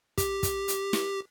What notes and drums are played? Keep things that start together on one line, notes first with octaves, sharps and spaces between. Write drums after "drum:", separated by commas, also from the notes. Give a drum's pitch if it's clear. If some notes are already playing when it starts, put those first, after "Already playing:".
G4, drum: kick, hi-hat
drum: kick, hi-hat
drum: hi-hat
drum: snare